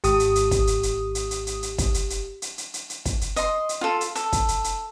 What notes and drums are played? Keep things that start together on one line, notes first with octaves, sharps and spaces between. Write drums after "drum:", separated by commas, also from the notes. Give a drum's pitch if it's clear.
G#1 G4 D#6, drum: hi-hat
drum: hi-hat
drum: hi-hat
drum: kick, hi-hat
drum: hi-hat
drum: hi-hat
drum: hi-hat
drum: hi-hat
drum: hi-hat
drum: hi-hat
drum: kick, hi-hat
drum: hi-hat
drum: hi-hat
drum: hi-hat
drum: hi-hat
drum: hi-hat
drum: hi-hat
drum: kick, hi-hat
drum: hi-hat
D#5 C6, drum: hi-hat
drum: hi-hat
F4 A4
drum: hi-hat
A4, drum: hi-hat
drum: kick, hi-hat
drum: hi-hat
drum: hi-hat